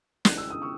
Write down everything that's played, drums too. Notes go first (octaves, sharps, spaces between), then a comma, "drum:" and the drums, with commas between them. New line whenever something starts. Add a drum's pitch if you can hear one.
C#3 E3 G#3 F#6, drum: snare
E6
D#6
C#6 E6